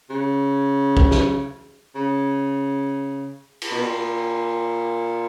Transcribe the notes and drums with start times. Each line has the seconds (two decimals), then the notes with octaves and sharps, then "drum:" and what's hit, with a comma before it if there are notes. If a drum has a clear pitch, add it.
0.10 C#3
0.97 drum: kick
1.11 drum: snare
1.95 C#3
3.62 drum: cymbal
3.71 B2
3.80 A#2